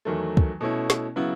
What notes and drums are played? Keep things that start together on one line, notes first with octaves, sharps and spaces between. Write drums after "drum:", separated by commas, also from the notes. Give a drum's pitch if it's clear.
E2 D#3 F#3 A3
drum: kick
B2 A3 C#4 E4
drum: snare
C#3 F#3 B3 E4